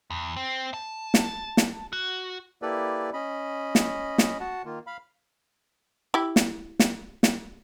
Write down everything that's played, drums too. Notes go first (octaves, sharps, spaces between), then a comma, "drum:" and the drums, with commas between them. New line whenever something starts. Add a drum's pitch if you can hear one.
E2
C4
A5
drum: snare
drum: snare
F#4
A#3 E4 G4 A4 B4 D5
C#4 D#5 B5
drum: snare
drum: snare
F#4 F#5 A5
D#3 A#3 F4
F5 B5
E4 G4
drum: snare
drum: snare
drum: snare